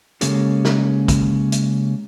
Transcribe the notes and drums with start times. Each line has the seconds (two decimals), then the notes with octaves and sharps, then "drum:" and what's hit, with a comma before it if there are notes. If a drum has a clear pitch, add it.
0.21 C#3 G#3 A#3 C#4 G4 A4, drum: hi-hat
0.65 drum: snare
1.08 drum: kick, hi-hat
1.52 drum: hi-hat